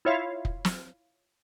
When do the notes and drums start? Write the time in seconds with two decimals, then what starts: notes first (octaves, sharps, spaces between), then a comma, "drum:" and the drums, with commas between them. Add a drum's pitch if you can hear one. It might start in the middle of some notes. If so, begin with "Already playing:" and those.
0.05 E4 F4 C#5 E5 F5
0.45 drum: kick
0.65 drum: snare